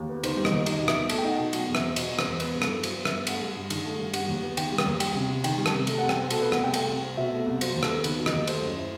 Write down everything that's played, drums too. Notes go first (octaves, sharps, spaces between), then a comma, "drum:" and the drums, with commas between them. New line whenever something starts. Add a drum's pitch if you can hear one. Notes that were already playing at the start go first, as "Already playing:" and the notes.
Already playing: D#2
B3
D#3 C5, drum: cymbal
G3
D#5, drum: rim click
D#2
D#4 D#5, drum: cymbal
B2
E5, drum: rim click
B2
A3 A5, drum: cymbal
G5
D#4 F#5
B2 G5
F#3 F#5, drum: cymbal
E2
E5, drum: rim click
C4
B2 D#5, drum: cymbal
F#3
C5, drum: rim click
E2
B3 B4, drum: cymbal
G2
A4, drum: rim click
E4
F#3 C5, drum: cymbal
B3
E5, drum: rim click
G2
A3 F#5, drum: cymbal
G2
G2
D#3, drum: cymbal
A3
G2
G3 F#5, drum: cymbal
D#2
B3
D#3 G5, drum: cymbal
G3
G5, drum: rim click
D#2
G3 G5, drum: cymbal
C3
C3
D#3 G5, drum: cymbal
G3
A5, drum: rim click
C3
A3, drum: cymbal
C2 F#5
G5, drum: rim click
C4
B2 A4, drum: cymbal
A3 B4
F#5, drum: rim click
C2 G5
A3 G5, drum: cymbal
C2
C4
B2 E5
A3
C2
F#3 C5, drum: cymbal
D#2
A4, drum: rim click
B3
D#3 B4, drum: cymbal
F#3
D#5, drum: rim click
D#2
A3 C5, drum: cymbal
F#2
E4